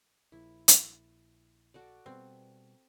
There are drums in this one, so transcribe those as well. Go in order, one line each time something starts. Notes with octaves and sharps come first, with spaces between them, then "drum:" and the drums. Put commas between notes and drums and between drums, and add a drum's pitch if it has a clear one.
A#1 E4
drum: hi-hat
F#4 A4 D5
B2 G3 B3 C4